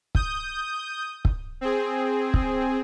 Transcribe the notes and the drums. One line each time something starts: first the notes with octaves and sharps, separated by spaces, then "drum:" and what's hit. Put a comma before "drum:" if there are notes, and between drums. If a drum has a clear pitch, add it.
D#6 G6, drum: kick
drum: kick
C4 G#4
drum: kick